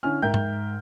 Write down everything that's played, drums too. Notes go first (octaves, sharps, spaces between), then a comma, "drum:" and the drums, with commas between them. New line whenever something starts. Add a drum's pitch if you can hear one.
D3 C#4 E4 G#5 F6
G#2 A#4 E5 G5 G6
drum: tom G#2